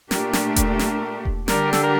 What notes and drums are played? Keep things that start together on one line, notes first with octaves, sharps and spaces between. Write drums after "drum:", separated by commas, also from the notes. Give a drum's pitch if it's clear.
A#2 A3 D4 G4 A#4, drum: snare
drum: snare
drum: kick E1, hi-hat
drum: snare
drum: kick E1
D3 G3 D4 G4 A#4, drum: snare
A4, drum: snare
A#4